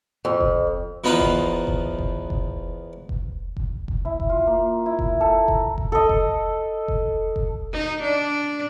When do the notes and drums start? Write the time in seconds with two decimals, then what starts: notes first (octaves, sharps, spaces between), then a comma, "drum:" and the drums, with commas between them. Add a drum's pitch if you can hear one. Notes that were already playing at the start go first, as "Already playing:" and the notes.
0.25 F2
0.41 drum: kick F1
1.04 E2 F3 B3 D#4 B4 F5
1.20 drum: kick F1
1.67 drum: kick F1
1.99 drum: kick F1
2.30 drum: kick F1
3.09 drum: kick F1
3.57 drum: kick F1
3.88 drum: kick F1
4.05 E4
4.20 drum: kick F1
4.29 F4
4.47 A#3
4.86 E4
4.99 drum: kick F1
5.21 A4
5.48 A#5, drum: kick F1
5.78 drum: kick F1
5.92 A4 D#5
6.09 drum: kick F1
6.88 drum: kick F1
7.36 drum: kick F1
7.73 D#4
8.03 D4